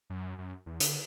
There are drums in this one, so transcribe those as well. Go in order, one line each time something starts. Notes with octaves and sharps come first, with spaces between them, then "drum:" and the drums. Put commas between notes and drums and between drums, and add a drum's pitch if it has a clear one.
F#2
F#2
E2
D3, drum: hi-hat